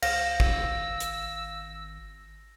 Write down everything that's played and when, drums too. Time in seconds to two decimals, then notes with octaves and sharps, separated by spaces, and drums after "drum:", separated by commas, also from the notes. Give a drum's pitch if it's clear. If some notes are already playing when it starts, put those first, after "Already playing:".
0.02 C#2 F5 A#6, drum: cymbal
0.40 G#1 E6, drum: kick
1.00 drum: hi-hat